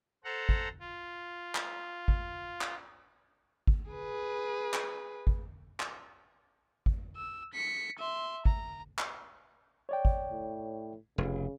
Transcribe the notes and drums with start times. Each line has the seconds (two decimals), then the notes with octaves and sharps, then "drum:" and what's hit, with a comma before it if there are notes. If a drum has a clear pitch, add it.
0.25 A4 C5 F#5 A#5
0.49 drum: kick
0.80 F4
1.55 drum: clap
2.08 drum: kick
2.61 drum: clap
3.67 drum: kick
3.91 G#4 B4
4.74 drum: clap
5.27 drum: kick
5.80 drum: clap
6.86 drum: kick
7.16 E6
7.53 B6 C#7
7.99 E5 C6
8.45 A#5, drum: kick
8.99 drum: clap
9.89 C#5 D5 G5
10.05 drum: kick
10.32 A2
11.18 F1 C#3